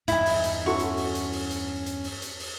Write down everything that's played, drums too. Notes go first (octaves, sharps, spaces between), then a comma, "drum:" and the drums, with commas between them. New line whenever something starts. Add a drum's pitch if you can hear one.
E2 G2 D#4 E4 G#5, drum: hi-hat
drum: open hi-hat
drum: hi-hat
C#4 E4 F#4 A4 C#6
drum: hi-hat
drum: open hi-hat
drum: hi-hat
drum: open hi-hat
drum: hi-hat
drum: hi-hat
drum: open hi-hat
drum: hi-hat
drum: open hi-hat